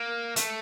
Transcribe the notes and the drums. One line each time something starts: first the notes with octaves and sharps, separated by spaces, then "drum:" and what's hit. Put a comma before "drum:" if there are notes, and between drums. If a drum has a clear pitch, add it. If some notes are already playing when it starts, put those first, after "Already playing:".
Already playing: A#3
A3, drum: hi-hat